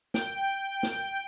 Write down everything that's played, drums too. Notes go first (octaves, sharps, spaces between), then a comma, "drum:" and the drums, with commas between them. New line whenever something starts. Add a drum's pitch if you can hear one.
G5, drum: snare
drum: snare